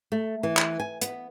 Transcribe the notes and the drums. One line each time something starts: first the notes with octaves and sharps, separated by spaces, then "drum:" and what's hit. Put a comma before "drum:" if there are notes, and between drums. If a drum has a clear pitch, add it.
A3
E3
drum: clap
G#5
B3, drum: hi-hat